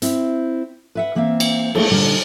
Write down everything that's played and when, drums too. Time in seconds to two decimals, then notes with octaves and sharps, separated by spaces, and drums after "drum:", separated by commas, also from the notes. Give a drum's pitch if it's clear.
0.02 C4 E4, drum: hi-hat
0.95 B4 E5 F#5
1.15 E3 A#3 C4 E5 F5
1.40 drum: cymbal
1.75 A3 A#3 G#4 A4, drum: cymbal
1.91 A#2 D3 G3 D#4